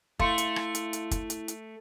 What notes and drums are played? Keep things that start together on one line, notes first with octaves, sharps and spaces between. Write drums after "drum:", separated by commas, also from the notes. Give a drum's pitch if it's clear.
A3 E4 F5 C6 C#7, drum: kick
drum: hi-hat
drum: rim click
drum: hi-hat
drum: hi-hat
drum: kick, hi-hat
drum: hi-hat
drum: hi-hat